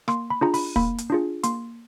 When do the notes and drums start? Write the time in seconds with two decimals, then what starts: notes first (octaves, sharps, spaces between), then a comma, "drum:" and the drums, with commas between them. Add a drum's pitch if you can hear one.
0.08 A#3 C6, drum: rim click
0.30 B5
0.41 D4 F4 G#4 A#5
0.54 B5, drum: open hi-hat
0.76 A#3 B5, drum: kick
0.98 drum: hi-hat
1.10 D4 F4 G#4
1.43 A#3 C6, drum: hi-hat